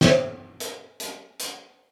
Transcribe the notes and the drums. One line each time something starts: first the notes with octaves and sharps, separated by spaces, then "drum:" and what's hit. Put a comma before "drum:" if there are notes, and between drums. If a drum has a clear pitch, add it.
C5 C#5 E5 G5, drum: snare
drum: hi-hat
drum: hi-hat
drum: hi-hat